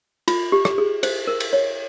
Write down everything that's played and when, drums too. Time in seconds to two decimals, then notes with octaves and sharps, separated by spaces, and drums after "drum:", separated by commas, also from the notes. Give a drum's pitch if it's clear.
0.28 F4, drum: cymbal
0.52 G4
0.65 drum: rim click
0.78 G#4
1.03 C5, drum: cymbal
1.27 A#4
1.40 drum: cymbal
1.53 C#5